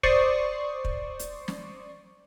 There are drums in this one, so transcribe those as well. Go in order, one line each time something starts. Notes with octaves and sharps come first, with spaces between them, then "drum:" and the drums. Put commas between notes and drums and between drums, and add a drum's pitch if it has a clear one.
C5 D5 C#6 D#6 C7, drum: kick
drum: kick
drum: hi-hat
drum: snare